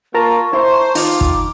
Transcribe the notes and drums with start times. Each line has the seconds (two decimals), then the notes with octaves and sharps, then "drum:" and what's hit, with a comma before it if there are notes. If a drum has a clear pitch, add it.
0.15 A#3 F4 A#4 A5 A#5 C#6
0.53 E4 C5 E5 C6
0.95 D#3 D#4 F4 D#5 D6, drum: open hi-hat
1.21 drum: kick